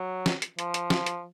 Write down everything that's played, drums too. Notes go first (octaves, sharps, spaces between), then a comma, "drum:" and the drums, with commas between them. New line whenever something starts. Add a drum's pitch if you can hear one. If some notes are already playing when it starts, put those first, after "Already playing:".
Already playing: F#3
drum: snare
drum: hi-hat
F3, drum: hi-hat
drum: hi-hat
drum: snare
drum: hi-hat